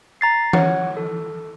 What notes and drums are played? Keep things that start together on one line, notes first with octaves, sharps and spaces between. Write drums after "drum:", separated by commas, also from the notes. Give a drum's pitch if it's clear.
A#5 A6 C7
C#5 F#5, drum: tom E3
A4